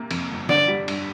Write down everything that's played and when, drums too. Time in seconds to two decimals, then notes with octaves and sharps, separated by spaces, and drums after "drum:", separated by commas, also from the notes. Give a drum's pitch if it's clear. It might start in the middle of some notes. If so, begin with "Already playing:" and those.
Already playing: C3 A#3
0.11 F2, drum: cymbal
0.30 G1
0.49 D3 D5, drum: snare
0.68 G3
0.88 G2, drum: cymbal